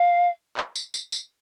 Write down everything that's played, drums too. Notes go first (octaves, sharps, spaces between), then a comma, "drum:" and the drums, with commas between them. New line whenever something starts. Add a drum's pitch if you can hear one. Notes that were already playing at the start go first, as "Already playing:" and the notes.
Already playing: F5
drum: clap
drum: tambourine
drum: tambourine
drum: tambourine